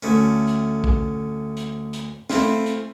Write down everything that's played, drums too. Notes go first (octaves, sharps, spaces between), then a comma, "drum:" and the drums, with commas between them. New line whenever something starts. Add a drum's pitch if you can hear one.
D2 A3 C#4
drum: hi-hat
drum: kick
drum: hi-hat
drum: hi-hat
A3 C4 E4 F4, drum: snare
drum: hi-hat